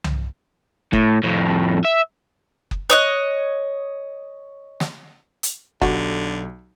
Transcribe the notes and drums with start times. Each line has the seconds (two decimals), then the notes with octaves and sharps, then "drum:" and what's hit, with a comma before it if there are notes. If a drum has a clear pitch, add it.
0.04 drum: tom C2
0.93 A2, drum: kick F#1
1.23 F2 A2
1.85 E5
2.71 drum: kick F#1
2.90 C#5 D#5 F#6
4.80 drum: snare
5.43 drum: hi-hat
5.82 B1 D3 F#3 F#4 G4, drum: kick F#1